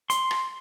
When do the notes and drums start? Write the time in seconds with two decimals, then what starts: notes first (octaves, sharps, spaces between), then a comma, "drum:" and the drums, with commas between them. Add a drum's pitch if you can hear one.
0.10 C6, drum: hi-hat
0.31 drum: rim click